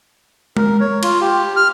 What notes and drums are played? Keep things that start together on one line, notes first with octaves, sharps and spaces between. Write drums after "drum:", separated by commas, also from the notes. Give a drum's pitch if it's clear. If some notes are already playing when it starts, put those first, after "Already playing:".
A#4, drum: tom G#3
C#5
F4, drum: cymbal
G4
F6